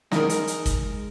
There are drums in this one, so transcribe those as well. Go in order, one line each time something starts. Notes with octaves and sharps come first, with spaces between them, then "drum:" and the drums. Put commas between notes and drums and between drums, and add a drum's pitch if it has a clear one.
G#3 D#4 A#4, drum: snare
drum: hi-hat
drum: hi-hat
drum: kick, hi-hat